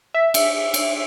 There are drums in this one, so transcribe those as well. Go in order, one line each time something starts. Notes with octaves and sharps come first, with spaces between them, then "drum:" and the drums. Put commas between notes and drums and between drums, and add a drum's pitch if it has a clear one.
E5
drum: cymbal
drum: cymbal